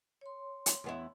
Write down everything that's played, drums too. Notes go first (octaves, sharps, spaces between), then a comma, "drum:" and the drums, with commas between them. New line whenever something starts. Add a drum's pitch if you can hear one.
C#5 C6
drum: hi-hat
E2 B3 E4